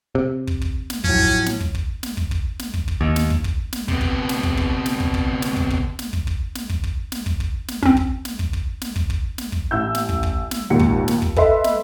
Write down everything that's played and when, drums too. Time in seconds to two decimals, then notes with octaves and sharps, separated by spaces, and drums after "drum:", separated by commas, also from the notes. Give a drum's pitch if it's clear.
0.15 C3
0.47 drum: kick
0.62 drum: kick
0.90 drum: snare
1.04 A2 F3 F#3 C#4, drum: kick
1.18 drum: kick
1.46 drum: snare
1.60 drum: kick
1.75 drum: kick
2.03 drum: snare
2.17 drum: kick
2.31 drum: kick
2.59 drum: snare
2.74 drum: kick
2.88 drum: kick
3.01 D#2
3.16 drum: snare
3.30 drum: kick
3.44 drum: kick
3.73 drum: snare
3.88 C3 B3, drum: kick
4.01 drum: kick
4.29 drum: snare
4.43 drum: kick
4.57 drum: kick
4.86 drum: snare
5.00 drum: kick
5.14 drum: kick
5.42 drum: snare
5.56 drum: kick
5.70 drum: kick
5.99 drum: snare
6.13 drum: kick
6.27 drum: kick
6.55 drum: snare
6.69 drum: kick
6.84 drum: kick
7.12 drum: snare
7.26 drum: kick
7.40 drum: kick
7.68 drum: snare
7.83 C4 C#4, drum: kick
7.97 drum: kick
8.25 drum: snare
8.39 drum: kick
8.53 drum: kick
8.81 drum: snare
8.96 drum: kick
9.10 drum: kick
9.38 drum: snare
9.52 drum: kick
9.71 A1 E6 G6
9.95 drum: snare
10.09 drum: kick
10.23 drum: kick
10.51 drum: snare
10.70 G#1 D#2 A#2 C#7
10.79 drum: kick
11.08 drum: snare
11.22 drum: kick
11.36 A4 B4 D#5 E5 C6, drum: kick
11.64 drum: snare